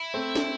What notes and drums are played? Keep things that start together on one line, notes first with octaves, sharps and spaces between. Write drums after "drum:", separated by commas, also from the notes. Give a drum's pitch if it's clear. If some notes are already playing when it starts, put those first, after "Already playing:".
Already playing: E4
A3 C4
drum: snare